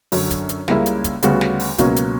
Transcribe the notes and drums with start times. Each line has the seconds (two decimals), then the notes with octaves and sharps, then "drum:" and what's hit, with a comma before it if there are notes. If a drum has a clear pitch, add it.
0.12 F#2 D3 F#3 C#4, drum: open hi-hat
0.31 drum: kick, hi-hat
0.49 drum: hi-hat
0.68 C#2 C#3 G3 A#3 E4, drum: snare
0.86 drum: hi-hat
1.04 drum: kick, hi-hat
1.22 D2 C#3 G3 B3 F#4, drum: hi-hat
1.41 drum: snare
1.60 drum: open hi-hat
1.78 C#2 B2 F#3 A#3 C#4, drum: kick, hi-hat
1.96 drum: hi-hat